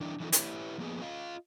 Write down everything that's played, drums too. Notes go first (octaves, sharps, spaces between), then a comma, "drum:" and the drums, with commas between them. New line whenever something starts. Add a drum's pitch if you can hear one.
D#3 F3 D4 E4
E3 G#3 C4 D#4 F4 A4
E4 G4 B4 C#5 E5, drum: hi-hat
F3 A#3 B3 G#4 D#5
F4 D#5 F5